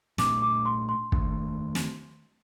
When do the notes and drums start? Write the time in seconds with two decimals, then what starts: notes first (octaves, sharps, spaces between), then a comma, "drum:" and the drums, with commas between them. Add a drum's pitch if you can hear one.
0.18 A#2 A3 D4 D6, drum: snare
0.42 D6
0.66 C6
0.89 C6
1.12 D#3 A3 D4, drum: kick
1.75 drum: snare